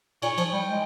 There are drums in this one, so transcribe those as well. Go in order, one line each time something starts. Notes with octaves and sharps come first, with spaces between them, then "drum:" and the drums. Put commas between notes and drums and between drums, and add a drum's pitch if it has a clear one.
A#2 C#5, drum: cymbal
F3, drum: cymbal
G3 G5
G#3